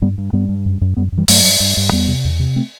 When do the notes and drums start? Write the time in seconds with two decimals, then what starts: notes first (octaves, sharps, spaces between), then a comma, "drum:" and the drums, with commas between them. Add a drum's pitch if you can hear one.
0.02 G2 G3 B3
0.18 G2
0.33 G2 G3 B3
0.49 G2
0.66 F#2
0.81 F#2
0.97 F#2 G3 B3
1.12 F#2
1.18 E3 G3
1.28 G2 F#3 A3, drum: open hi-hat
1.44 G2
1.60 G2
1.77 G2
1.92 E2 G3 B3
2.08 C3
2.25 E2
2.39 C3
2.56 A3 C4